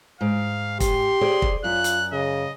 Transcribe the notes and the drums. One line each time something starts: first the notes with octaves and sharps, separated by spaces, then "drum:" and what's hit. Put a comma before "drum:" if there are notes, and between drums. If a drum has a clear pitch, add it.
G#2 F5
G4 C6, drum: kick, hi-hat
G#4 C5 D5
drum: kick
F#2 F4 F#6
drum: hi-hat
C#3 D#5